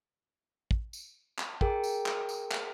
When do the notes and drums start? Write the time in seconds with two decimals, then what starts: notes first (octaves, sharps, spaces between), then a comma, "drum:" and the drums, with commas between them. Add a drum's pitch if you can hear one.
0.71 drum: kick
0.93 drum: tambourine
1.38 drum: clap
1.61 G#4 A#4 G5, drum: kick
1.84 drum: tambourine
2.06 drum: clap
2.29 drum: tambourine
2.51 drum: clap